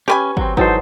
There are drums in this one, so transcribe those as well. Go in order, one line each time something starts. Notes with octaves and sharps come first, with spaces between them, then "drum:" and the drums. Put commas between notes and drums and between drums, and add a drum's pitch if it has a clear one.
C#4 G4 B4 G#5
F#3 C4, drum: kick
G#2 E3 F#3 D#4 A4 C5, drum: kick